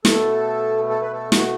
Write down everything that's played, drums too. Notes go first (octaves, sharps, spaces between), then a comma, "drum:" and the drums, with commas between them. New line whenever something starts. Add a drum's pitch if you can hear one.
B2 A3 A4, drum: snare
A4
B4
A4
F#4, drum: snare